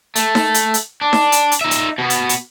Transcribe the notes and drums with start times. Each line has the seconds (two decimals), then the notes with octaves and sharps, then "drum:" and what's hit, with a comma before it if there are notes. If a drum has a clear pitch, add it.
0.16 A3, drum: hi-hat
0.35 drum: snare D#4
0.54 drum: hi-hat
0.74 drum: hi-hat
1.01 D4
1.13 drum: snare D#4
1.32 drum: hi-hat
1.52 drum: hi-hat
1.61 D#4 E5
1.71 drum: hi-hat
1.98 B2 B3
2.10 drum: hi-hat
2.29 drum: hi-hat